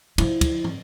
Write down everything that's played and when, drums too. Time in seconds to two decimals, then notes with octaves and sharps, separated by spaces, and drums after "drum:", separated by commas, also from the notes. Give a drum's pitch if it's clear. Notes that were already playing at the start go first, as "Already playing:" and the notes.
0.18 F3 E4, drum: cymbal
0.41 drum: kick, cymbal
0.64 drum: tom